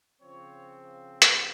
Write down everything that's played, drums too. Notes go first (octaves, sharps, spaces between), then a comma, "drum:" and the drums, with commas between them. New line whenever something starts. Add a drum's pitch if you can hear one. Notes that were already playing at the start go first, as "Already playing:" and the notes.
C#3 F3 C4 C#5
drum: hi-hat